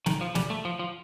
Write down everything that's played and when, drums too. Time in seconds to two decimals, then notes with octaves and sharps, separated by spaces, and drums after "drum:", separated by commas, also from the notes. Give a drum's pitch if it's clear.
0.06 D#3, drum: snare
0.21 F3
0.35 G3, drum: snare
0.50 A3
0.65 F3
0.79 F3